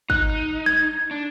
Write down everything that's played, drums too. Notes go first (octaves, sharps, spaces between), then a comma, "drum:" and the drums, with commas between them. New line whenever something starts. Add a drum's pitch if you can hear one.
D#4 F#6, drum: kick G#1
G#6
D4